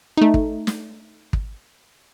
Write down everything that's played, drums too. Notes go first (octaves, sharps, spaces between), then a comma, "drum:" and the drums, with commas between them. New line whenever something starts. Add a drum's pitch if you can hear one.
A3 D#4
drum: kick
drum: snare
drum: kick